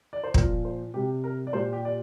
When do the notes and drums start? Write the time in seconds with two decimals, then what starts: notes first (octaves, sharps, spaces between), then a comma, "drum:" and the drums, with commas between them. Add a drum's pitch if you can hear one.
0.13 D5
0.24 C5
0.34 A#2 F3 A#4, drum: kick
0.65 C5
0.94 C3 G3 G4
1.24 A#4
1.47 D5
1.53 A#2 G3 C5
1.73 G4
1.85 D5